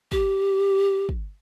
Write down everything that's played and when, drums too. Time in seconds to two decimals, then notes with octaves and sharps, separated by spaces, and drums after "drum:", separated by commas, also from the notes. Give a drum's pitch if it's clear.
0.12 G4, drum: kick
1.09 drum: kick